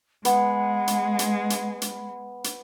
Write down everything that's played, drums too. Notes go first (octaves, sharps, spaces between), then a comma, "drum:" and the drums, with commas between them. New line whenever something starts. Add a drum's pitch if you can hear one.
G#3 B3 F#5 G#5, drum: hi-hat
drum: hi-hat
drum: hi-hat
drum: hi-hat
drum: hi-hat
drum: hi-hat